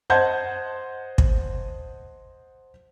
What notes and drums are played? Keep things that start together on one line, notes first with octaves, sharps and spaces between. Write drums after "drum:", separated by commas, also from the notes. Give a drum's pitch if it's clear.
C5 D#5 F#5 A5 G6 G#6
drum: kick